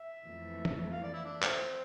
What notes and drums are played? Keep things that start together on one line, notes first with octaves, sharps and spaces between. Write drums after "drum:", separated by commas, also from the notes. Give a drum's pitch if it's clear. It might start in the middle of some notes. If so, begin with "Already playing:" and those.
Already playing: E5
F2 E3 A3
drum: tom
F5
D5
E4
D4
F3 A3 C4, drum: clap